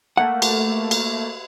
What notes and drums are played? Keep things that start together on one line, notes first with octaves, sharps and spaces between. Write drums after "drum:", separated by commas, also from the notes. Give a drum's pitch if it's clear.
A3 A#3 F#5
drum: cymbal
drum: cymbal